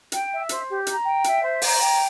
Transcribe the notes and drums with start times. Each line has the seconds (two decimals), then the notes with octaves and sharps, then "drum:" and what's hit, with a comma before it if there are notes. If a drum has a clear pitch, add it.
0.12 G5, drum: hi-hat
0.31 E5
0.49 C5, drum: hi-hat
0.69 G4
0.87 A#5, drum: hi-hat
1.05 G5
1.24 E5, drum: hi-hat
1.43 C5
1.62 A#5, drum: open hi-hat
1.80 G5